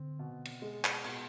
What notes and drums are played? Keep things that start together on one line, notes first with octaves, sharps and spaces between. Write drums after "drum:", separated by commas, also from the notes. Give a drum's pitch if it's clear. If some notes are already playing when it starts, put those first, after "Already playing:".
Already playing: D3 C4
B2
drum: cymbal
G#3
drum: clap
B2, drum: cymbal